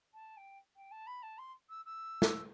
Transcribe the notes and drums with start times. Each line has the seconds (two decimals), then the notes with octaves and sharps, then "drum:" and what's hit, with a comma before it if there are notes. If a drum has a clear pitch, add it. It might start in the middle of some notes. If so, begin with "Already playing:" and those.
0.14 A5
0.37 G5
0.76 G5
0.91 A5
1.06 B5
1.22 A5
1.38 C6
1.69 E6
1.85 E6
2.22 drum: snare